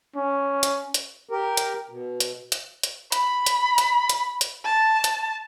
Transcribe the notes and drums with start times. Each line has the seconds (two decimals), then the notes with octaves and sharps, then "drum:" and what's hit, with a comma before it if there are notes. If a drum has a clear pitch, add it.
0.16 C#4
0.63 drum: hi-hat
0.94 drum: hi-hat
1.29 G4 A#4
1.57 drum: hi-hat
1.90 B2
2.20 drum: hi-hat
2.52 drum: hi-hat
2.83 drum: hi-hat
3.12 B5, drum: hi-hat
3.46 drum: hi-hat
3.78 drum: hi-hat
4.09 drum: hi-hat
4.41 drum: hi-hat
4.64 A5
5.04 drum: hi-hat